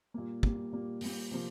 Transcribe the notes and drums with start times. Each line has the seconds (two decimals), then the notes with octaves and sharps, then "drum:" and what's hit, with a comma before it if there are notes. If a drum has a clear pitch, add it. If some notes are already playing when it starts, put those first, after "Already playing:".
0.14 A#2 G3 A#3
0.43 A#2 G3 A#3, drum: kick
0.72 A#2 G3 A#3
1.01 A#2 G3 A#3, drum: open hi-hat
1.31 C3 F3 A#3